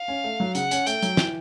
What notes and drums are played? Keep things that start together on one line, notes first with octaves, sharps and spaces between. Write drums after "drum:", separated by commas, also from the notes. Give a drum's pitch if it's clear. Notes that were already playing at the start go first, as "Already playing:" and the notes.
Already playing: F5
C#4
A3
F#3
C#3 F#5, drum: hi-hat
C#4, drum: hi-hat
A3 G5, drum: hi-hat
F#3, drum: hi-hat
E3, drum: snare